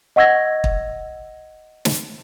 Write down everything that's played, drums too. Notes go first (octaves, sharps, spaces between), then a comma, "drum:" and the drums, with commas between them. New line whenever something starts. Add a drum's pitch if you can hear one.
D#5 F#5 C#6 E6 G#6 A#6
drum: kick
drum: snare